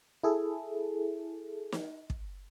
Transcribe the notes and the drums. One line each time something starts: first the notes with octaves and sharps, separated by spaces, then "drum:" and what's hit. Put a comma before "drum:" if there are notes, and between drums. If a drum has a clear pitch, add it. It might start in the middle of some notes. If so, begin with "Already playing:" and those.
E4 G#4 A4
drum: snare
drum: kick